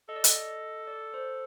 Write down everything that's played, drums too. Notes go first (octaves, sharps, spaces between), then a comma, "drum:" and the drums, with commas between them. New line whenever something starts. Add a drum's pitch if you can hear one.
A4 D#5
D5
D#5, drum: hi-hat
D5
C5